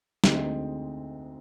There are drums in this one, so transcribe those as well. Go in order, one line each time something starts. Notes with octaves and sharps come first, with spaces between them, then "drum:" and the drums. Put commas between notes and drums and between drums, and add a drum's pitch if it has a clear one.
D2 D3 G#3 C4 D#4, drum: snare